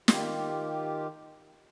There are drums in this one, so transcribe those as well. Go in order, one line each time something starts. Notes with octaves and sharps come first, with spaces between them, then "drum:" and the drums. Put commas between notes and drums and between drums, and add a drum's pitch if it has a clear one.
D#3 F4 G4, drum: snare